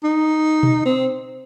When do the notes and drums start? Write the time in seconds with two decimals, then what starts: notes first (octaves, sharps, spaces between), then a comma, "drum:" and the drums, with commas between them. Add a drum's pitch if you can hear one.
0.03 D#4
0.63 drum: tom B2
0.85 C4